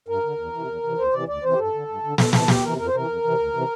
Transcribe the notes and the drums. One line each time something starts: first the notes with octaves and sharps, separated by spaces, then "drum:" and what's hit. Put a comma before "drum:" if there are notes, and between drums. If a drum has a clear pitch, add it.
G2 A#4
D3
E2
C3 E3
E2
C3 E3
D2 C5
C3 E3 D5
D2 D5
C3 E3 C5
G4
G2 A4
D3
G2
D3
D2 A4, drum: snare
C3 E3 A4, drum: snare
D2 G4, drum: snare
C3 E3 A#4
F2 A#4
C5
C3 E3 A#4
F2
C3 E3
D2
C3 E3